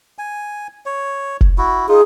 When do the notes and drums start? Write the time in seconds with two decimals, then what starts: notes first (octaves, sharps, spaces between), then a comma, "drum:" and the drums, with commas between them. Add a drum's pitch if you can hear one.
0.19 G#5
0.86 C#5
1.41 drum: kick
1.58 E4 F#4
1.89 D#4 F4 G#4